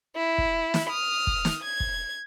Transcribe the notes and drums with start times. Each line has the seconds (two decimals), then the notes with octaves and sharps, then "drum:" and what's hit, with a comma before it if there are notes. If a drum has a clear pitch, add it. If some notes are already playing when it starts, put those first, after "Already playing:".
0.16 E4
0.38 drum: kick
0.74 drum: snare
0.90 D#6 F6
1.27 drum: kick
1.45 drum: snare
1.63 G#6
1.80 drum: kick